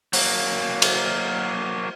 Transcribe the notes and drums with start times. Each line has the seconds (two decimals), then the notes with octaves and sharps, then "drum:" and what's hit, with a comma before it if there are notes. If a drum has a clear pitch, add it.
0.13 F#3 A#3, drum: open hi-hat
0.82 drum: cymbal